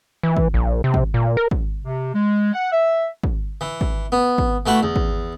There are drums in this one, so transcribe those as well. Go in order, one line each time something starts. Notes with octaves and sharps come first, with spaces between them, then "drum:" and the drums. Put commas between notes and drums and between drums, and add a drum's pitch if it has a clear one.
E3
drum: kick
A#1
C3
drum: kick
A#2
A#4
drum: kick
C3
G#3
F#5
E5
drum: kick
E3
drum: kick
B3
drum: kick
E3 A3 F#4 B5
E2
drum: kick